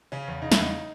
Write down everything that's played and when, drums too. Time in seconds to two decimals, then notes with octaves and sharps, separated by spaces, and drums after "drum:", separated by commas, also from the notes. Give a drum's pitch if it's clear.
0.12 C#3 C#4
0.28 E2
0.42 C#3 D#4
0.52 E4, drum: snare
0.58 E2 D#4